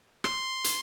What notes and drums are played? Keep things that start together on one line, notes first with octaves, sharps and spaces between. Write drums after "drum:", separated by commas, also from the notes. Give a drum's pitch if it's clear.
C6, drum: rim click
drum: hi-hat